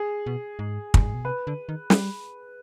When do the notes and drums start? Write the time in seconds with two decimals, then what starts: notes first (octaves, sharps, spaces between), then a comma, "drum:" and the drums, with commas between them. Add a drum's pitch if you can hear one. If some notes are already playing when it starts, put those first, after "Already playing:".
Already playing: G#4
0.26 B2
0.59 G#2
0.94 G2, drum: kick
1.04 G#2
1.14 B2
1.25 C3 B4
1.47 D3
1.69 D#3
1.90 G3, drum: snare